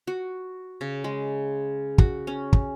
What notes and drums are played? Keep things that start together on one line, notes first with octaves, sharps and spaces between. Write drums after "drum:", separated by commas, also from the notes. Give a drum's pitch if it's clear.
F#4
C#3
G#3
F#4, drum: kick
C#4
drum: kick